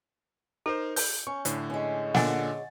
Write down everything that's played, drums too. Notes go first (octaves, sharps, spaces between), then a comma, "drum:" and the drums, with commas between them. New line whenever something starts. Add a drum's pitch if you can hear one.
D#4 A4 A#4 C5
G6, drum: open hi-hat
C#4 C#6
A2 D3, drum: hi-hat
G#3 C#4
A#2 D3 F#5 G#5 A6, drum: snare